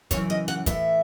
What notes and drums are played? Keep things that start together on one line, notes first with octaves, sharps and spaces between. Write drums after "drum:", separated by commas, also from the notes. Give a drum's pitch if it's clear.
F#2 C#3 E3 C#5, drum: kick, hi-hat
D#5
F#5
A2 E3 E5, drum: kick, hi-hat